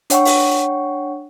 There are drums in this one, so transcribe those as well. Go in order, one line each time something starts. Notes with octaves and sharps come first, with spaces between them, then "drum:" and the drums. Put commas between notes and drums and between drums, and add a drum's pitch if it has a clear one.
D4 C#5 F#5 G5 C#6, drum: hi-hat
drum: open hi-hat